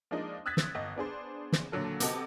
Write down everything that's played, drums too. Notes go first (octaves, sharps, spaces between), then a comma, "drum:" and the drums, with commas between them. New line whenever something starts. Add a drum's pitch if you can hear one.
F3 G#3 A#3 D4 D#4
D#6 E6 F#6 G#6 A6 B6
drum: snare
G1 D#5
B3 D4 G#4 C5
drum: snare
D#2 A#2 D3 F#3 A4
C3 B3 F#4 A4 D#5, drum: hi-hat